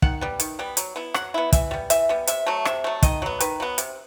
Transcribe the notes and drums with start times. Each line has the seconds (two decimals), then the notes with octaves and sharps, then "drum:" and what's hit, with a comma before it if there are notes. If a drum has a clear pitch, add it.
0.02 D#3 F#5, drum: kick
0.21 G3 B3
0.40 D#3, drum: hi-hat
0.59 G3 B3
0.77 F#3, drum: hi-hat
0.96 B3 E4
1.14 F#3 F#5, drum: rim click
1.34 B3 E4
1.52 E3 E5, drum: kick, hi-hat
1.71 G3 B3
1.90 E3 E5, drum: hi-hat
2.09 G3 B3
2.27 C3 E5, drum: hi-hat
2.47 F#3 A3
2.65 C3 E5, drum: rim click
2.84 F#3 A3
3.02 D#3 D#5, drum: kick, hi-hat
3.22 F#3 B3
3.40 D#3 B4, drum: hi-hat
3.60 F#3 B3
3.78 C3, drum: hi-hat